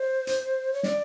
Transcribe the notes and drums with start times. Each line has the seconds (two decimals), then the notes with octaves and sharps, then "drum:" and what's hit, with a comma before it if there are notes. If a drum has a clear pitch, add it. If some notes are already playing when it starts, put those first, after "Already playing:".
Already playing: C5
0.27 drum: hi-hat
0.73 C#5
0.83 D5, drum: snare